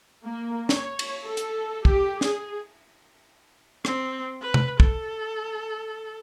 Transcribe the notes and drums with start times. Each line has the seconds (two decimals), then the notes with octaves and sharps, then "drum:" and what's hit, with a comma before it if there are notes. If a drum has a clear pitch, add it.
0.25 A#3
0.69 C#5, drum: snare
0.99 drum: cymbal
1.25 A4
1.37 drum: hi-hat
1.85 G4, drum: kick
2.21 G#4, drum: snare
3.85 C4, drum: rim click
4.42 B4
4.54 drum: tom C3
4.80 A4, drum: kick